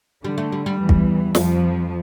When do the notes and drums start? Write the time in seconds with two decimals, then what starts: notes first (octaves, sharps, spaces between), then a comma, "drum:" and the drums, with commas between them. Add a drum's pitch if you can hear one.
0.24 D3 G3
0.38 A3
0.52 G3
0.66 G3
0.79 E2 E3
0.89 drum: kick
1.35 F2 F3, drum: snare